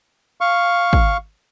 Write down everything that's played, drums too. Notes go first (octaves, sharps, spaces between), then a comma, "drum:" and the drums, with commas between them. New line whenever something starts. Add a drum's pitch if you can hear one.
F5 C#6
drum: kick